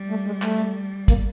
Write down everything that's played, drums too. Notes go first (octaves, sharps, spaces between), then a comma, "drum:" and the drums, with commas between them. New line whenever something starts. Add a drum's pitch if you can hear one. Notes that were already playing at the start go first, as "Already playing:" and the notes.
Already playing: G3
A3
G#3
A3, drum: clap
A#3, drum: kick, hi-hat